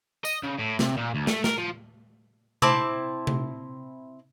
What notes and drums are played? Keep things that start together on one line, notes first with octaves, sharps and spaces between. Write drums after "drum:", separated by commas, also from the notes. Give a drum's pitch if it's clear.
D#5, drum: tambourine
C#3
A2
C3, drum: snare
A#2
D2
A3, drum: snare
A#4, drum: snare
F3
C4 E4 A5 D6, drum: tom C3
drum: tom C3